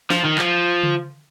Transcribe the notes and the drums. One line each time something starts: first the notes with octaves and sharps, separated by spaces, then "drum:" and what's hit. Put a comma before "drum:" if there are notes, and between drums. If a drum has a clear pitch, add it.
F3, drum: snare
D#3
F3, drum: clap
drum: tom C#3